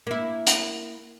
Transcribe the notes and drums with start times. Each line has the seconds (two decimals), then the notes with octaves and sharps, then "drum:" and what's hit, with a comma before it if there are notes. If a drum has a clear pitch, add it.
0.07 A#3 E4
0.47 drum: hi-hat